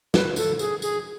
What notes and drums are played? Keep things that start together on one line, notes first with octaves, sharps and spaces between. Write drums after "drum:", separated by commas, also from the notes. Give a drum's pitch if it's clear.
B4, drum: snare
A4, drum: tambourine
G#4, drum: tambourine
G#4, drum: tambourine